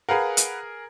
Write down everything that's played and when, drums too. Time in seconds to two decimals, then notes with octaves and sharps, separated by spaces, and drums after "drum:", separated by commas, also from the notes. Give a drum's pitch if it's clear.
0.09 G#4 A#4 B4 F5 F#5
0.37 drum: hi-hat